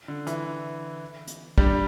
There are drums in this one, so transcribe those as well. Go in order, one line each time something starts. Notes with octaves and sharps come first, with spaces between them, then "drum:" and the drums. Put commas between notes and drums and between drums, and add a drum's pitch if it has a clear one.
D3
E3, drum: hi-hat
drum: hi-hat
G2 G3, drum: kick